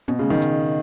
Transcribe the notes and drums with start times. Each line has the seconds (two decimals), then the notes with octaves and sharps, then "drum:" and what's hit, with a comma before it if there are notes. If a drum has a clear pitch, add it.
0.08 B2, drum: tom
0.19 C#3
0.30 D#3
0.42 drum: hi-hat